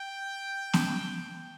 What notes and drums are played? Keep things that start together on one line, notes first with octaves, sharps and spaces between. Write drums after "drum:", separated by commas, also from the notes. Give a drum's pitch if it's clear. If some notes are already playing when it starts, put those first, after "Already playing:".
Already playing: G5
drum: snare B3